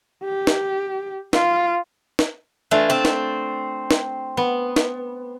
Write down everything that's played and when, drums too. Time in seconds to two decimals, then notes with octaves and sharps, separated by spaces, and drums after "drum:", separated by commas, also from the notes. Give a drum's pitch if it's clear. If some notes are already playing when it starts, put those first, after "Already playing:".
0.24 G4
0.47 drum: snare
1.33 F4, drum: snare
2.19 drum: snare
2.71 E3 A3 D4 F4
2.90 C4 A5
3.05 drum: snare
3.91 drum: snare
4.37 B3
4.76 drum: snare